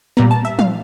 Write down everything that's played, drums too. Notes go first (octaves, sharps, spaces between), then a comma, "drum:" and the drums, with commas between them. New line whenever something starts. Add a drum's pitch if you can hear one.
A#2 G3 B3 A#5
A5
E5
F5, drum: tom